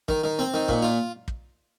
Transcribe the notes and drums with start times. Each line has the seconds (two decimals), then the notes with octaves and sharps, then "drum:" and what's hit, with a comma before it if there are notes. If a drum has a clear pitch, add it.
0.08 D#3, drum: kick
0.24 D#3
0.39 C4
0.54 D#3
0.68 A#2, drum: kick
0.82 F4
1.28 drum: kick